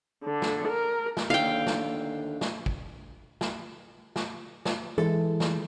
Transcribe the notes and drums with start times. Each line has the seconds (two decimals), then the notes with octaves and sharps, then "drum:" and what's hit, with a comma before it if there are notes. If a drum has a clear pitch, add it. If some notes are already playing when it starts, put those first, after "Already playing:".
0.24 D3
0.42 drum: snare
0.67 A#4
1.17 drum: snare
1.30 D#2 D3 F5 G5
1.67 drum: snare
2.41 drum: snare
2.66 drum: kick
3.41 drum: snare
4.16 drum: snare
4.65 drum: snare
4.98 E3 G#3 E4 A4
5.40 drum: snare